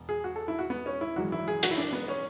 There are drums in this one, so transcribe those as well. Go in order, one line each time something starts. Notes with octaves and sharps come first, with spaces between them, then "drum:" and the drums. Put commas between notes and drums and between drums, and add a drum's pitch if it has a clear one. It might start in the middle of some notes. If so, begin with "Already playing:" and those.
Already playing: E1
G#4
F#4
A4
E4
F#4
B3
C#4
E4
G#1 F#2 E3 G#3 F#4
E4
G#4
F#4, drum: hi-hat
E4
D4
B3
C#4